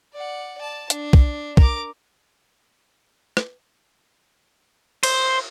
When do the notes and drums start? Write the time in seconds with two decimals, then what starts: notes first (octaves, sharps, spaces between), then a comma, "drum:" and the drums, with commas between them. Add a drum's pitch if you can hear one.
0.13 D5 F#5
0.58 D5 A5
0.90 D4, drum: hi-hat
1.13 drum: kick
1.57 A#4 D6, drum: kick
3.37 drum: rim click
5.03 C5, drum: cymbal